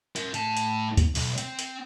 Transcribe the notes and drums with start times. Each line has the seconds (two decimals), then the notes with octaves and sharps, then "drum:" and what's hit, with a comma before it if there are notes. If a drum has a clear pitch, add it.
0.16 A#4 E5, drum: hi-hat
0.34 A2 A5, drum: hi-hat
0.57 drum: hi-hat
0.97 drum: kick D2, hi-hat
1.15 B1, drum: open hi-hat
1.38 C4, drum: hi-hat
1.59 drum: hi-hat